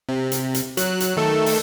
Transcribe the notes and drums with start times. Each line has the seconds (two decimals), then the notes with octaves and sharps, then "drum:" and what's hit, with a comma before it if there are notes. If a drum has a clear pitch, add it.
0.09 C3
0.32 drum: hi-hat
0.54 drum: hi-hat
0.77 F#3 F#6, drum: hi-hat
1.00 drum: hi-hat
1.17 D#3 A3 A4
1.46 drum: open hi-hat